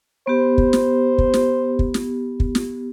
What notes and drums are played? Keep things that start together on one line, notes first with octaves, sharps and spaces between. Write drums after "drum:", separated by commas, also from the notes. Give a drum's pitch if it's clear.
B3 G4 C5
drum: kick
drum: snare
drum: kick
drum: snare
drum: kick
drum: snare
drum: kick
drum: snare